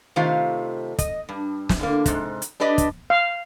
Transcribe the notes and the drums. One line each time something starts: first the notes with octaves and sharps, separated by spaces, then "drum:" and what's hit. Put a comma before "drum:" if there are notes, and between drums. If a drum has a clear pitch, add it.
C3 D#3 A3 F4 C5 F5
D#5, drum: kick, hi-hat
G2
drum: snare
A2 D3 A#3
G#2 C3, drum: kick, hi-hat
drum: hi-hat
D4 G4 B4 D5 D#5
drum: kick, hi-hat
F5